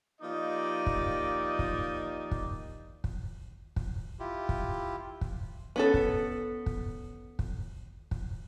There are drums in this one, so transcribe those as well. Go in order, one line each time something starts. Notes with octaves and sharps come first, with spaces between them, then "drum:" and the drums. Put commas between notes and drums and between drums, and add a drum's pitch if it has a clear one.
F3 A#3 D#4 G4 D5 D#5
drum: kick
drum: kick
drum: kick
drum: kick
drum: kick
E4 F4 G4
drum: kick
drum: kick
B3 C#4 A4
drum: kick
drum: kick
drum: kick
drum: kick